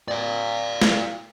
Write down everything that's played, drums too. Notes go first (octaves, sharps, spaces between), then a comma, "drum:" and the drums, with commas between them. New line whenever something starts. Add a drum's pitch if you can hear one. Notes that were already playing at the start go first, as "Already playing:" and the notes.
D5 F5
drum: snare